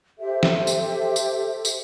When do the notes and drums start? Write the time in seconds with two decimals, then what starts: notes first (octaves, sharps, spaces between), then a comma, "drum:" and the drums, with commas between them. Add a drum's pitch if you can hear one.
0.18 G4 A4 C5 E5
0.43 drum: snare
0.67 drum: tambourine
1.16 drum: tambourine
1.65 drum: tambourine